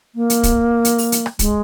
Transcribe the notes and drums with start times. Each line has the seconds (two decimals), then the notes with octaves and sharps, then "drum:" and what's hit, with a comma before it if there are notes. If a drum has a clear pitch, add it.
0.15 A#3
0.30 drum: hi-hat
0.43 drum: kick, hi-hat
0.85 drum: hi-hat
0.98 drum: open hi-hat
1.12 drum: hi-hat
1.26 drum: rim click
1.39 G#3, drum: kick, hi-hat